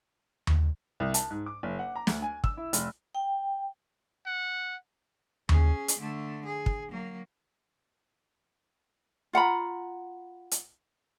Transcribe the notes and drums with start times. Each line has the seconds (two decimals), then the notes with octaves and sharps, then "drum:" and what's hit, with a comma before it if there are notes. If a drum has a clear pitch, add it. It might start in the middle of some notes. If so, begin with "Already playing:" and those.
0.47 drum: tom D#2
1.00 C2
1.14 A5, drum: hi-hat
1.31 G#2
1.46 D6
1.63 F#1
1.79 F#5
1.96 A#5
2.07 D2, drum: snare
2.22 G#5
2.44 E6, drum: kick
2.57 E4
2.73 F1, drum: hi-hat
3.15 G5
4.26 F#5
5.49 C#4 G#4, drum: tom D#2
5.88 drum: hi-hat
5.99 D3 A3
6.45 G#4
6.66 drum: kick
6.90 F#3 A#3
9.33 F4 F#5 A#5 B5
10.51 drum: hi-hat